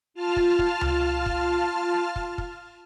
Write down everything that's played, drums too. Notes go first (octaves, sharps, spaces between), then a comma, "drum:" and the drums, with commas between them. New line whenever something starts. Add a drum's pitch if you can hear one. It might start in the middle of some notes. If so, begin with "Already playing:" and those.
F4 A5 F6
drum: kick
drum: kick
drum: tom C#2
drum: kick
drum: kick
drum: kick